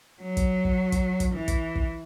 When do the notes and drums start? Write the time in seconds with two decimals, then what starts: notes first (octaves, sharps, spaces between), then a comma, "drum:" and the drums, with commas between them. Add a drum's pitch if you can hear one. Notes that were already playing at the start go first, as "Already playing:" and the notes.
0.22 F#3
0.37 drum: kick, hi-hat
0.64 drum: kick
0.92 drum: kick, hi-hat
1.20 drum: kick, hi-hat
1.34 E3
1.48 drum: kick, hi-hat
1.75 drum: kick